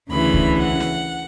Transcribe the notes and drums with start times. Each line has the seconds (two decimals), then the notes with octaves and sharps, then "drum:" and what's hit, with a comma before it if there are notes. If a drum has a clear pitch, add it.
0.10 D2 C#3 E3 B5
0.34 drum: kick C2
0.57 F#5
0.80 drum: snare